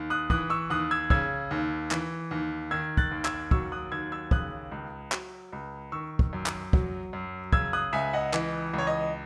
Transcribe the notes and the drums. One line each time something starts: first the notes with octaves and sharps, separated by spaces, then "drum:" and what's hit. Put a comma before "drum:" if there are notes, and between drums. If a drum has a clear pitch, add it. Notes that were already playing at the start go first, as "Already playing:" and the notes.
Already playing: D#2
D#6 F#6
E3 D#6 F#6, drum: kick
C#6 E6
D#2 D#6 F#6
E6 G#6
C#3 E6 G#6, drum: kick
D#2
E3, drum: clap
D#2
D#3 E6 G#6
F#6 A6, drum: kick
D#2
E6 G#6, drum: clap
F#3 C#6 E6, drum: kick
D#6 F#6
D#2 E6 G#6
E6 G#6
C#3 D#6 F#6, drum: kick
C#2
F#3, drum: clap
C#2
D#3 C#6 E6
drum: kick
F#2
drum: clap
F#3, drum: kick
F#2
C#3 E6 G#6, drum: kick
D#6 F#6
C#2 E5 G#5
D#5 F#5
E3 D#5, drum: clap
C#2 C#5
D#5